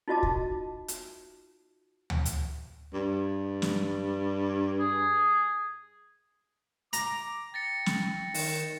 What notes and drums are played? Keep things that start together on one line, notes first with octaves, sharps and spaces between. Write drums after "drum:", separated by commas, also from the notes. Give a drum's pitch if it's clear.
D#4 F4 F#4 D#5 A5 D6
drum: kick
drum: hi-hat
drum: tom D2
drum: hi-hat
G2
drum: snare
G#4
A#5 D6, drum: hi-hat
G5 A6 A#6 C#7
drum: snare
D#3, drum: open hi-hat